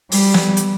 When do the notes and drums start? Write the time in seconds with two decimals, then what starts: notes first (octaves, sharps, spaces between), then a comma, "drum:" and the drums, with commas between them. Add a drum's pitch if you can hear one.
0.12 G3, drum: open hi-hat
0.34 drum: snare
0.57 drum: hi-hat